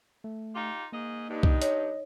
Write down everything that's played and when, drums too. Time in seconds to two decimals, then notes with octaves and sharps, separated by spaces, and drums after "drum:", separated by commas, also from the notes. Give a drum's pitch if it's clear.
0.24 A3
0.55 D#4 F4 G4
0.93 G#2 A#3 G#4 D#5
1.29 G2 D#4
1.43 drum: kick C2
1.62 C#5 D#5, drum: hi-hat